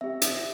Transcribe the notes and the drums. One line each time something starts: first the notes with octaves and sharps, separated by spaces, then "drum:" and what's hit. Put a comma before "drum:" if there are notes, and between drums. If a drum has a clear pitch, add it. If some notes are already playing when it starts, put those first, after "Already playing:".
C4 G4 E5
drum: hi-hat